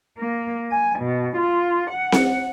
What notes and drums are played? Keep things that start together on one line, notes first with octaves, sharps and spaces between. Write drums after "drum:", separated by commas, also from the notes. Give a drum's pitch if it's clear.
A#3
G#5
B2
F4
F#5
drum: snare C4